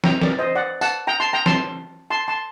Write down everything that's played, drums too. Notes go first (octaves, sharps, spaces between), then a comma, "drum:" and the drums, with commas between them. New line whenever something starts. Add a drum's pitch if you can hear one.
G5 A#5, drum: snare
A#4 D5, drum: snare
C5 D#5
D5 F#5
F#5 A5, drum: tambourine
G5 A#5
A5 C6
G5 A#5
A5 C6, drum: snare
A5 C6
A5 C6